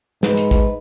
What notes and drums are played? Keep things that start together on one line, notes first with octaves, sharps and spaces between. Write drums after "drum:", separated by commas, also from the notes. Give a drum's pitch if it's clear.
G#2 B4, drum: snare
drum: hi-hat
drum: kick, hi-hat